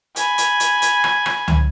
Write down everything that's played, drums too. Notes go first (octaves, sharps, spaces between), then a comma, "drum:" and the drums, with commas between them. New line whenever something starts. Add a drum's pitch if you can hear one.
G#5 B5, drum: hi-hat
drum: hi-hat
drum: hi-hat
drum: hi-hat
drum: rim click
drum: rim click
drum: tom C#2